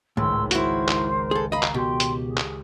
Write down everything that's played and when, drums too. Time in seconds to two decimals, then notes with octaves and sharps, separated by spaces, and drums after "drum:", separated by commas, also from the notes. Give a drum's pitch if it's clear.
0.17 G#1 C#2 A2 D#4 C6 E6
0.51 E4 F#4 A#4 C5, drum: hi-hat
0.88 drum: clap
1.31 G#4 A4
1.52 D#5 F5 A#5 B5
1.63 drum: clap
1.74 B2 G4 G5 C6
2.00 drum: hi-hat
2.26 G#4
2.37 drum: clap